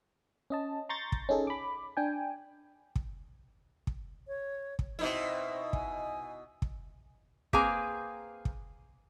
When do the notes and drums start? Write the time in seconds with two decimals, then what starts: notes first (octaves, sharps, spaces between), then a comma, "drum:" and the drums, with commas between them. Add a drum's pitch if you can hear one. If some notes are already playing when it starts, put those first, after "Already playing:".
0.50 C#4 D#5 A5
0.89 A#5 C6 C#6 G6 A6 A#6
1.12 drum: kick
1.29 C#4 D#4 G#4 A4
1.47 B5 D6
1.97 D4 G5 G#5
2.96 drum: kick
3.87 drum: kick
4.27 C#5
4.79 drum: kick
4.99 B2 C4 D#4 E4
5.73 G#5, drum: kick
6.62 drum: kick
7.53 A#3 C4 G#4 B4 G#5 A#5, drum: kick
8.45 drum: kick